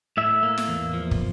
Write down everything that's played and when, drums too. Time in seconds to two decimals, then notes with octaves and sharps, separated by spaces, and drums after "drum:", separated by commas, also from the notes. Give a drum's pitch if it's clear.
0.17 A2 E5
0.43 A#3
0.58 drum: snare
0.68 E2
0.93 F3
1.11 drum: kick